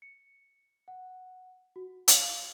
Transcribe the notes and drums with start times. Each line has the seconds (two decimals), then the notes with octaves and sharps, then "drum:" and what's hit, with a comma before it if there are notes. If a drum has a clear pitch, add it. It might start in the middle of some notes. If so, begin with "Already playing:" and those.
0.02 C#7
0.88 F#5
1.76 F#4
2.08 F5, drum: hi-hat